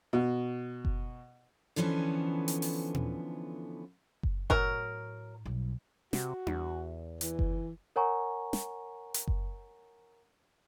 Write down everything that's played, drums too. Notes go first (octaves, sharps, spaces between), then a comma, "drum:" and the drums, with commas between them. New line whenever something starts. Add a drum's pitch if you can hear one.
B2
drum: kick F#1
D3 E3 F3 B3 C#4 A4
drum: hi-hat
drum: open hi-hat
drum: tom A#2
drum: kick F#1
A2 F#3 A#4, drum: kick F#1
B1 G3
C3 F#4, drum: snare
E2, drum: tom D4
E3, drum: hi-hat
drum: kick F#1
A#4 C#5 F#5 G#5 A#5 C#6
drum: snare
drum: hi-hat
drum: kick F#1